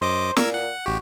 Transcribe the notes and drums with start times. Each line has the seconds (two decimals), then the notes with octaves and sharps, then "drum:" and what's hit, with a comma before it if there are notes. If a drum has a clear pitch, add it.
0.01 F#2 C5 D#5 D6
0.36 A#2 A#4 E6 G#6, drum: snare
0.54 F#5
0.86 A1 F#4 G4